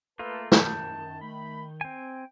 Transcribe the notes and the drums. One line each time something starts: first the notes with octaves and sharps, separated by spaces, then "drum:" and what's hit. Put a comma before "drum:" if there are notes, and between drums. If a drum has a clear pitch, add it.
A3 A#3 F4 A4 B4 A5
F#2 D#3 A5 G6, drum: snare
A3 B5
C4 G5 G#5